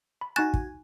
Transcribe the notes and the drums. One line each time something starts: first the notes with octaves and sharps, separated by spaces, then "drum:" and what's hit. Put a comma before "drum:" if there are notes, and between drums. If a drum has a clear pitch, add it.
B5
D#4 F#4 G#5 C#6 F#6 A6 A#6 E7
drum: kick